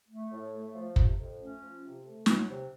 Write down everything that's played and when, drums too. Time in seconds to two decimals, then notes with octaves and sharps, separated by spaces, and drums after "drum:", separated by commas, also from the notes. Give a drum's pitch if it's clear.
0.09 A3
0.31 A2
0.53 A3
0.74 F3
0.96 C3, drum: kick
1.18 F2
1.39 A3 C#4
1.61 F3
1.83 C3
2.05 A3
2.26 F#3, drum: snare
2.48 C3